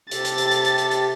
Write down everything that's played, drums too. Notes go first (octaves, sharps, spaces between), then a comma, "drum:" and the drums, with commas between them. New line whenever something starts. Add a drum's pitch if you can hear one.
C3 G4 A4 A6, drum: hi-hat
drum: hi-hat
drum: hi-hat
drum: hi-hat
drum: hi-hat
drum: hi-hat
drum: hi-hat